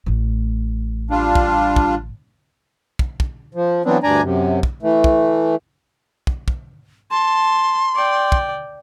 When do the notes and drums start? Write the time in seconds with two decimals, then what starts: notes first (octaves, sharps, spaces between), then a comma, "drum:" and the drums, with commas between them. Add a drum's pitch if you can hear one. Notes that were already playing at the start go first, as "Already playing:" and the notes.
0.06 A1 A2
1.10 G3 D4 F4
1.35 drum: kick
1.76 drum: kick
2.99 drum: kick
3.20 drum: kick
3.54 F3
3.85 E3 F#3 B3 C4 D4
4.03 D2 G2 D4 D5 G#5 A#5
4.22 F#2 C3
4.63 drum: kick
4.83 E3 A3
5.04 drum: kick
6.27 drum: kick
6.48 drum: kick
7.11 A5 C6
7.95 D5 G5
8.32 drum: kick